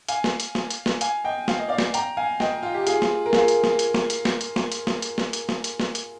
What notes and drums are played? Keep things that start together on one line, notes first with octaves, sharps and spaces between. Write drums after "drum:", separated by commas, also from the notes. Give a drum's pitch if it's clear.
F5 G#5, drum: hi-hat
drum: snare
drum: hi-hat
drum: snare
drum: hi-hat
drum: snare
F5 G#5, drum: hi-hat
D#5 G5
F5, drum: snare
D#5
D5 F5
drum: snare
G5 A#5, drum: hi-hat
F5 G#5
D#5 G5, drum: snare
F4
G4
F4 G#4, drum: hi-hat
drum: snare
A#4
F4 G#4, drum: snare
drum: hi-hat
drum: snare
drum: hi-hat
drum: snare
drum: hi-hat
drum: snare
drum: hi-hat
drum: snare
drum: hi-hat
drum: snare
drum: hi-hat
drum: snare
drum: hi-hat
drum: snare
drum: hi-hat
drum: snare
drum: hi-hat